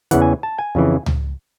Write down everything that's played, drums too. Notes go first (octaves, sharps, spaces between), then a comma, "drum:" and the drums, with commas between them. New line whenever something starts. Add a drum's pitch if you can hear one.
E2 C#3 E3 F#5, drum: hi-hat
G#5
A5
G#5
F2 C#3 E3
drum: tom C#2